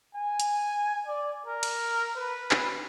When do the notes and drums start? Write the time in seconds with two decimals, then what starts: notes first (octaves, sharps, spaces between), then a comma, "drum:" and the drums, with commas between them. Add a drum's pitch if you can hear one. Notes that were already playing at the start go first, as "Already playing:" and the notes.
0.15 G#5
0.40 drum: hi-hat
1.06 D5
1.46 A#4
1.63 drum: cymbal
2.16 B4
2.51 drum: clap